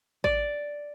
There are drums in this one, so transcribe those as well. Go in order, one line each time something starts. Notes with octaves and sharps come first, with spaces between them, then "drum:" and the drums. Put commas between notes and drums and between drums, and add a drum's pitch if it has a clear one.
D5, drum: kick A1